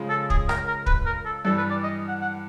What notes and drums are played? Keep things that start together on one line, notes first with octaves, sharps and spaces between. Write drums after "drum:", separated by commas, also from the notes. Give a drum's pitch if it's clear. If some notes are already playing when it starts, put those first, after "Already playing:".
Already playing: C#3 F3 G#3
A4
G#4, drum: kick
A#4, drum: rim click
A#4
B4, drum: kick
A#4
A4
G2 E3 G3 A4
B4
D5
D#5
F#5
F#5